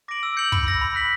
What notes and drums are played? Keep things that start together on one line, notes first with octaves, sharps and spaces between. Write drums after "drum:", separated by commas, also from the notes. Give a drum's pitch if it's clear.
D6 A#6 D7 F#7
E6
G6 C#7 F#7
B5, drum: kick
E6 A#6
B5
F#6 B6 F#7